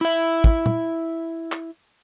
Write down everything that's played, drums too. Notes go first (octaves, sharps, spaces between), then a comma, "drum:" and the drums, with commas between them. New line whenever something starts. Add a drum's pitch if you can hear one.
E4 E5
drum: kick
drum: tom
drum: clap